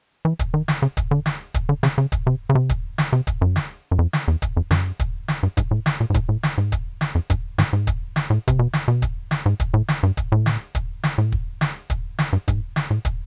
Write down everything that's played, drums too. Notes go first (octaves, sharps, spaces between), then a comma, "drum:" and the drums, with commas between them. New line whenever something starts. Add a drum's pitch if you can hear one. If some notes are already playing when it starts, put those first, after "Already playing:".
E3
drum: kick, hi-hat
D#3
drum: snare
C#3
drum: kick, hi-hat
D3
drum: snare
drum: kick, hi-hat
D3
C#3, drum: snare
C#3
drum: kick, hi-hat
C3
C#3
C3
drum: kick, hi-hat
drum: snare
C3
drum: kick, hi-hat
F#2
drum: snare
F#2
F2
drum: snare
E2
drum: kick, hi-hat
F2
F#2, drum: snare
drum: kick, hi-hat
drum: snare
G2
G#2, drum: kick, hi-hat
A2
drum: snare
A#2
G#2
A2, drum: kick, hi-hat
A2
drum: snare
G#2
drum: kick, hi-hat
drum: snare
F2
G2, drum: kick, hi-hat
G#2, drum: snare
G#2
drum: kick, hi-hat
drum: snare
A2
C3, drum: kick, hi-hat
B2
drum: snare
B2
drum: kick, hi-hat
drum: snare
G#2
drum: kick, hi-hat
A2
drum: snare
G2
drum: kick, hi-hat
A2
drum: snare
drum: kick, hi-hat
drum: snare
A2
drum: kick
drum: snare
drum: kick, hi-hat
drum: snare
G2
G#2, drum: kick, hi-hat
drum: snare
A2
drum: kick, hi-hat